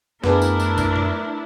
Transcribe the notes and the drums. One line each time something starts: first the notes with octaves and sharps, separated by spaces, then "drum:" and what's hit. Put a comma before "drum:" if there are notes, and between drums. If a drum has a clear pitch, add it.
F#2 A3 B3 D4 E4 G#4 A#4, drum: snare
drum: tambourine
drum: tambourine
drum: kick A#1, tambourine
drum: tom A2